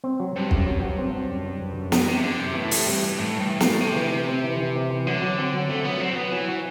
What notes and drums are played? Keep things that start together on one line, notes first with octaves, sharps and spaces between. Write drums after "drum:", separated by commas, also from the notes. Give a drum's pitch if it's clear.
C4
F#3
G2 C4
F#2, drum: kick
F#3
F#3
C4
C4
F#2
F#3
F#2
F#2
B2 C4, drum: snare
C3 F#3
D3 C4
F#2 C3
A2 E3
A3, drum: open hi-hat
G2 C4
E3
A2 E3
E3
G2
E3
A2 A3, drum: snare
C3 A3
E3
E3
C4
E3
E3
C4
E3
D3 F#3
F#3
C4
F#3
A3 C4
F#3 B3
F#3 C4
F#3 B3
E3 F#3
F#4